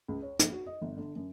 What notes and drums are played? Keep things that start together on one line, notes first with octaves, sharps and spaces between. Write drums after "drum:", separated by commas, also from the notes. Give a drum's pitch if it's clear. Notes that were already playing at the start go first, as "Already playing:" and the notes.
C#2
C#5
A#1, drum: hi-hat
F#4
D#5
G1
D3
F#2